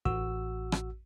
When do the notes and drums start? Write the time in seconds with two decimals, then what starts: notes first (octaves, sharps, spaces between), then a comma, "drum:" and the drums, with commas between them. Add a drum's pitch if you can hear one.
0.05 A1 F#4 E6, drum: kick
0.72 drum: rim click